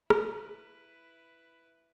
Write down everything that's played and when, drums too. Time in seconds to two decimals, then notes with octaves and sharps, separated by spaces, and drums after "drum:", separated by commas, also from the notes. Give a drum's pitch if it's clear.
0.10 E4 B4, drum: rim click